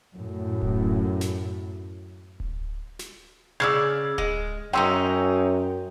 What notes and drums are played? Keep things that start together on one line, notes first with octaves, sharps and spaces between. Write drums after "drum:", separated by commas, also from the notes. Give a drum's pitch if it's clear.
F#2 A2
drum: kick D1
drum: snare
drum: kick D1
drum: snare
C#3 G#4 D5 E6 F6 G#6
G#3, drum: kick D1
F#2 F#3 C#4 D#4 G5 C6 E6